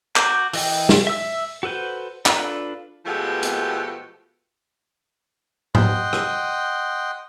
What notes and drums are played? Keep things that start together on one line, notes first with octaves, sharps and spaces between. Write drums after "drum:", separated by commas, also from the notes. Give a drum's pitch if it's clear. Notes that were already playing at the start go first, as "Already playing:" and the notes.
F#4 D6 G6, drum: clap
E3 D#5 G5, drum: open hi-hat
drum: snare
E5 E6
F#4 A4 B4 C5
D4 F4 A4 B4, drum: clap
B2 F3 G#3 A3 B3 G4
drum: hi-hat
D#5 F#5 G5 C6, drum: tom G#2
drum: rim click